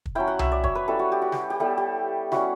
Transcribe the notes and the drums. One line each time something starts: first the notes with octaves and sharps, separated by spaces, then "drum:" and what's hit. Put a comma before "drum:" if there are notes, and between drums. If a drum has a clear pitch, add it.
drum: kick
F#3 C#4 E4 G5
F#5
E5, drum: tom C2
D5
C#5, drum: kick
B4
G3 C#4 E4 A4
F#4
G4
F#4
G4, drum: snare
G4
G3 B3 E4 A4
G4
G3 C#4 E4 F#4, drum: snare